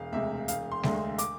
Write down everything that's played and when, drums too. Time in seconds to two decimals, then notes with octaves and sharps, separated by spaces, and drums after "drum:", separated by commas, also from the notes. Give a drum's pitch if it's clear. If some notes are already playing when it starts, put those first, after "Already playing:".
Already playing: E1 F5
0.12 D2 C3 G#3 E5
0.48 E1 F5, drum: hi-hat
0.71 C6
0.83 D2 D3 G#3, drum: snare G3
0.95 C6
1.18 D6, drum: hi-hat